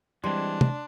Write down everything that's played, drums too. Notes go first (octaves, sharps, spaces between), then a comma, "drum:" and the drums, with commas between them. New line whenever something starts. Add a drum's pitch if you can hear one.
E3 G3 G#3 C4 D4 C6
drum: tom